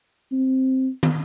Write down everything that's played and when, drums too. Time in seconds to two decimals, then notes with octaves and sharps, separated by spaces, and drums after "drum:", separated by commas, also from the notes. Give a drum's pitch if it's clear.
0.32 C4
1.03 drum: tom